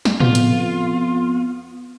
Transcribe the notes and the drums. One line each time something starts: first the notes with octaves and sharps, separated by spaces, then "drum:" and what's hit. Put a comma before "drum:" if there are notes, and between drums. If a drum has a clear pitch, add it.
drum: snare
F2 B3 F4, drum: tom
drum: hi-hat